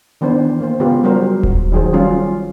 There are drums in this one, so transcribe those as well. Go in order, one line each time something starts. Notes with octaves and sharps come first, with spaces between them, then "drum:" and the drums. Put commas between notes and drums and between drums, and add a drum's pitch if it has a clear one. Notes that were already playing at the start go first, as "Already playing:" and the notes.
D#3 E3 B3 D4 C5
A#3 C5
C#3 G#3 B3 F4 G4 B4
F#3 G3 F#4 A#4 C5
drum: kick D#1
D#3 F#3 G#4 C5
F3 G3 C#4 F4